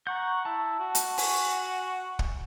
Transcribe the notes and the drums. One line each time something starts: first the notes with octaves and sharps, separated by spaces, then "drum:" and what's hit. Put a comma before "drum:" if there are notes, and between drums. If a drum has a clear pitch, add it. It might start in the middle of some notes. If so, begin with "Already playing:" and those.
F#5 A#5 C#6 G6
E4 A5
F#4
drum: hi-hat
G#5 C#6, drum: open hi-hat
drum: kick